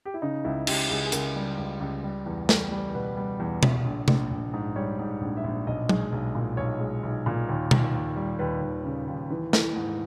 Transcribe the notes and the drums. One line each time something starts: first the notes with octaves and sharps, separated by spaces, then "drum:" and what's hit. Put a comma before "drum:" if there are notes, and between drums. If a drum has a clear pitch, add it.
G4
E4
C#3 D#4
C#2 E4
C#2 G4, drum: cymbal
C#2 G#4
G#4
C#2 A#4, drum: hi-hat
G3
C#2
C#2
G3
E2
G3, drum: snare
G3
B2 B4
G3
E2
E2, drum: tom B2
A#1
A#1, drum: tom C3
A#1
G#2
G3 C#5
G#2
A#1
E5
A#1
B1 D#5
G#3, drum: tom
B1
A#2
B1 C#5
G#3
B1
A#2
D#2
D#2, drum: tom B2
D#2
G3
D#2 B4
D#2
C#3
D#2
E3
E3, drum: snare
G#2